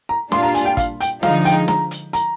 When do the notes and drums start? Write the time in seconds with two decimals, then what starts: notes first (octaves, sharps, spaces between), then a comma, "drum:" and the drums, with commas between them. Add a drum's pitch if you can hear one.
0.09 A#5
0.32 A#2 G3 D4 F4 C6, drum: snare
0.43 A#5
0.55 G#5, drum: hi-hat
0.65 G5
0.77 F5, drum: kick, hi-hat
1.00 G5, drum: hi-hat
1.23 D3 F3 G#3 D#4 F5, drum: snare
1.45 G5, drum: hi-hat
1.68 A#5, drum: snare
1.91 drum: hi-hat
2.13 A#5, drum: hi-hat